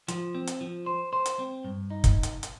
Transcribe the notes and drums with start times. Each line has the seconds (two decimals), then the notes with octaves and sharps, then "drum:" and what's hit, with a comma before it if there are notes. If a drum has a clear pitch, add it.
0.08 F3, drum: hi-hat
0.35 C4
0.47 drum: hi-hat
0.61 F3
0.86 C5
1.13 C5
1.26 drum: hi-hat
1.39 C4
1.64 G2
1.90 D#4
2.04 drum: kick, hi-hat
2.23 drum: hi-hat
2.43 drum: hi-hat